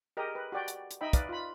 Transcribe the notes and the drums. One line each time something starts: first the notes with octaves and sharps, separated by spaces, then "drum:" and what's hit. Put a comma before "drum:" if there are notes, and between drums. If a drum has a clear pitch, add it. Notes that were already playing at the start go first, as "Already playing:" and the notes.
G4 G#4 A#4 D#5
B4
F#4 G4 D5 G5
drum: hi-hat
drum: hi-hat
D#4 D#5 E5 G5 B5
B4 D5 F5, drum: kick, hi-hat
F4 B5